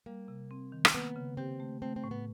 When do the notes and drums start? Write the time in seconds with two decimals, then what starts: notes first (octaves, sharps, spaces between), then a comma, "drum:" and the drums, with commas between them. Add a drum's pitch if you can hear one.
0.06 G3 A#3
0.28 C3
0.51 C4
0.72 D#3
0.85 drum: rim click
0.94 A#3 B3
1.16 C#3
1.37 C4 G4
1.60 A3
1.82 A3 C4
1.96 C4
2.04 A2
2.11 B3